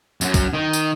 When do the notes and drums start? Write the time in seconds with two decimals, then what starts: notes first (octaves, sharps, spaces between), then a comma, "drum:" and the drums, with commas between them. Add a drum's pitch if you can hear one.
0.21 F#2 F#3, drum: tambourine
0.34 drum: kick, tambourine
0.54 D#3
0.73 drum: tambourine